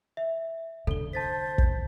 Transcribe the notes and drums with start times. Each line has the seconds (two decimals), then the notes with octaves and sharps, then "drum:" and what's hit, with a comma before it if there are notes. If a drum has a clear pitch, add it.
0.17 E5
0.87 D3 A4 G7
1.13 C5 A5 A6 B6
1.58 drum: kick